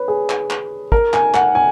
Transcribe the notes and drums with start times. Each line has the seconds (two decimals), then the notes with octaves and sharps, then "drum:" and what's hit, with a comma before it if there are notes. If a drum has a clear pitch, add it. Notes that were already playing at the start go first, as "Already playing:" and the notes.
Already playing: B4 C#5
0.08 G#4
0.30 drum: clap
0.50 drum: clap
0.92 A#4, drum: kick
1.13 G#5, drum: clap
1.34 F#5, drum: clap
1.55 G#5